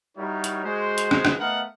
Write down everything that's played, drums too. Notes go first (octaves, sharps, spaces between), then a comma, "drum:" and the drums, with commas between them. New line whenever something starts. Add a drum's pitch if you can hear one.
G3 D#4 E4 F#4 A#4 C#5
drum: hi-hat
G#3 F#4 C5
drum: hi-hat
drum: rim click
drum: rim click
A3 B3 A#4 D#5 F5 F#5